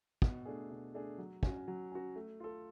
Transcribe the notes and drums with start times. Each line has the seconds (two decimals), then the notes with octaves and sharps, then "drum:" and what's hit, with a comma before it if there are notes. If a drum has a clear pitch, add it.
0.22 B2, drum: kick
0.45 A3 D4 G#4
0.70 B2
0.95 A3 D4 G#4
1.18 F#3
1.43 C#4 F#4, drum: kick
1.68 F#3
1.92 C#4 F#4
2.16 A3
2.40 F4 A4